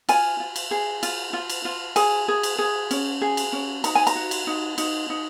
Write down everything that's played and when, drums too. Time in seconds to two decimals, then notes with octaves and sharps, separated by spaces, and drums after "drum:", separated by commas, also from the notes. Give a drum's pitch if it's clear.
0.09 F4 G#5, drum: cymbal
0.40 F4
0.56 drum: cymbal
0.71 G#4
1.03 F4, drum: cymbal
1.33 F4
1.50 drum: cymbal
1.65 F4
1.96 G#4 G#5, drum: cymbal
2.28 G#4
2.43 drum: cymbal
2.59 G#4
2.91 C#4, drum: cymbal
3.21 G#4
3.37 drum: cymbal
3.53 C#4
3.84 D#4 A#5, drum: cymbal
3.95 G#5
4.07 A#5, drum: cymbal
4.16 F#4
4.31 drum: cymbal
4.47 D#4
4.78 D#4, drum: cymbal
5.10 D#4